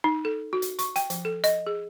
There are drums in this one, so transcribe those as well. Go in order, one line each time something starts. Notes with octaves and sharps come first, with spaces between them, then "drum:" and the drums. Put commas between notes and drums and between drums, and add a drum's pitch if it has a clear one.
D#4
A4
F#4
drum: hi-hat
C#6, drum: hi-hat
G5, drum: hi-hat
F3, drum: hi-hat
A4
D#5, drum: hi-hat
G#4